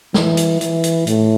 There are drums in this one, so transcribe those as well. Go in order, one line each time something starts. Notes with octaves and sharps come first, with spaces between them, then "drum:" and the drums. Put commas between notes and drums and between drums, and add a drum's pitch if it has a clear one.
E3, drum: snare
drum: hi-hat
E3, drum: hi-hat
drum: hi-hat
A2, drum: hi-hat